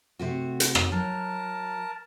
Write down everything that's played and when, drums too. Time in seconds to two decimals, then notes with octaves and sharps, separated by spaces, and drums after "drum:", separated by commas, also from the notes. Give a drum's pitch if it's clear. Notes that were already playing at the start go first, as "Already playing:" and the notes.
0.19 C3 A3 F#4
0.60 drum: hi-hat
0.75 drum: rim click
0.92 F#3 A#4 A5